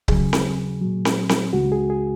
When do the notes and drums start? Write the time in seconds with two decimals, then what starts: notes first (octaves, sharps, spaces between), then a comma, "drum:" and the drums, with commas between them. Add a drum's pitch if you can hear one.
0.08 D#2 C#3 F#3 G#4, drum: kick C#1
0.33 drum: snare C4
0.81 A#2 F#3
1.05 drum: snare C4
1.29 drum: snare C4
1.53 C#2 C#3 G#3 F#4
1.72 G#4
1.90 G#4